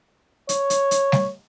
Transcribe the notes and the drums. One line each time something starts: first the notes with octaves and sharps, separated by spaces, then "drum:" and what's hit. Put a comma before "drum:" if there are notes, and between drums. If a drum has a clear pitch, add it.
C#5, drum: hi-hat
drum: hi-hat
drum: hi-hat
drum: snare G3